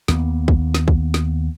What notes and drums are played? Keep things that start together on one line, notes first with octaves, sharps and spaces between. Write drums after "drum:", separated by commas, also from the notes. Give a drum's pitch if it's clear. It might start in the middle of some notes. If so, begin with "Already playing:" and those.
D#2 A#3 B3, drum: snare
drum: kick
drum: snare
drum: kick
drum: snare